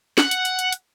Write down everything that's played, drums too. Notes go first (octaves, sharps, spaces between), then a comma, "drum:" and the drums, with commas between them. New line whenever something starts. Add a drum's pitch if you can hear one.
F#5, drum: snare
drum: hi-hat
drum: hi-hat
drum: hi-hat
drum: hi-hat